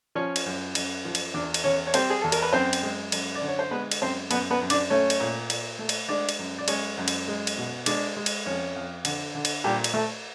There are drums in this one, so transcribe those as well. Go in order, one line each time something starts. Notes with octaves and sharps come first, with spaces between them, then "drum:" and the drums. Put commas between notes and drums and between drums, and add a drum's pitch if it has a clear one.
F3 C#4 C#5
drum: cymbal
F#2
F#2, drum: cymbal
F3
drum: cymbal
E2 D4 D5
drum: cymbal
E2 C#4 C#5
C#5
G3 C4 C5, drum: cymbal
G#4
E2 A4
A#4, drum: cymbal
B4
F#2 C4 C5
drum: cymbal
G#3
F#2, drum: cymbal
D5
D3
C#5
C5
G#3 B3 B4
drum: cymbal
F#2 C4 C5
F#2 B3 B4, drum: cymbal
B3 B4
F#2
D4 D5, drum: cymbal
A3 C#4 C#5
drum: cymbal
A#2
A#2, drum: cymbal
A3
drum: cymbal
G#3 D4 D5
drum: cymbal
F#2
D5
G#3 C#4 C#5, drum: cymbal
F#2
drum: cymbal
G#3
drum: cymbal
B2
G#3 D4 D5, drum: cymbal
G#3
drum: cymbal
F2 C#4 C#5
F2
D3, drum: cymbal
D3
drum: cymbal
A#2 G3 G4
drum: cymbal
A3 A4